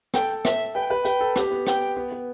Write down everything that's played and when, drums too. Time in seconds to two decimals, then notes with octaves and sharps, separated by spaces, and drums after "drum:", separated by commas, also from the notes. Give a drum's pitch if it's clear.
0.14 A4 G5, drum: rim click
0.45 E5, drum: rim click
0.75 B4 G5
0.90 B4
1.05 B4 G5, drum: hi-hat
1.21 A4
1.36 G4, drum: rim click
1.51 B3
1.67 G5, drum: rim click
1.97 B3
2.11 B3